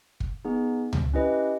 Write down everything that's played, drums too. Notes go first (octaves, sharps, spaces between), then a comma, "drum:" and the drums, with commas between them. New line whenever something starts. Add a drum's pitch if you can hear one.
drum: kick
B3 D#4 G#4
drum: tom C#2
C#4 E4 G4 B4 D#5